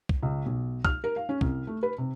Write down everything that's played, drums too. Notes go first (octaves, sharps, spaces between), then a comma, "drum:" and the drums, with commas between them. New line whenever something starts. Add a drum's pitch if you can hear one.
drum: kick
C#2
B1
F6, drum: kick
A#4
F5
C#4
C2, drum: kick
A3
B4
C3